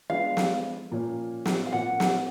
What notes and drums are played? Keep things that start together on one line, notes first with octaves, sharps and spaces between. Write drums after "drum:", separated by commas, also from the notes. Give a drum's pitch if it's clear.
F3 G#3 B3 D4 F5
drum: snare
A#2 F3 A#3 C#4
drum: snare
F5
A#2 F3 A#3 C#4 F#5
drum: snare